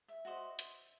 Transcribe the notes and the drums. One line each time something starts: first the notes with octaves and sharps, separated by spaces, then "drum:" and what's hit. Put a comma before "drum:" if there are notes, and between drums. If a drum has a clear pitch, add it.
E5
F#4 C5 D#5
drum: hi-hat